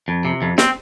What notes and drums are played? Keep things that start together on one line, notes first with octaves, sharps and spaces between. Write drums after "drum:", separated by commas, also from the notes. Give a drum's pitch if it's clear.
F2
C3
F2
C4, drum: snare